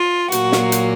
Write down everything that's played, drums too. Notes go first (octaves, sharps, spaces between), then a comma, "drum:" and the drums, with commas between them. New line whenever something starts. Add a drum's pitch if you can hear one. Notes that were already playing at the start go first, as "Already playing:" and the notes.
Already playing: F4
A#2 F#3 A#3 F#4, drum: hi-hat
drum: snare
drum: hi-hat